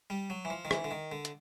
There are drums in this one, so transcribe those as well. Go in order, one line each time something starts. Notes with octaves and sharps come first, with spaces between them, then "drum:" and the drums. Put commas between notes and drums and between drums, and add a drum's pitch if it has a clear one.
G3
F#3
E3
F3
D#3
E3, drum: rim click
D3
D#3
D3
drum: hi-hat